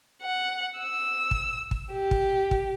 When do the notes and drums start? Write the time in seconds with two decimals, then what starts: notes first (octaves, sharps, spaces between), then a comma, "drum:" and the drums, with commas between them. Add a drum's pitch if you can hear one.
0.22 F#5
0.79 E6
1.31 drum: kick
1.71 drum: kick
1.91 G4
2.11 drum: kick
2.51 drum: kick